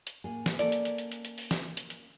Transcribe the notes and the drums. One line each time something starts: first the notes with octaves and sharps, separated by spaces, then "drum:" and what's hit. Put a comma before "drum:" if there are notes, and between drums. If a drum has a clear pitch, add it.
drum: hi-hat
A2 A#3 G#4
drum: snare
A#3 C#4 A4 D5, drum: hi-hat
drum: hi-hat
drum: hi-hat
drum: hi-hat
drum: hi-hat
drum: hi-hat
drum: open hi-hat
drum: snare
drum: hi-hat
drum: hi-hat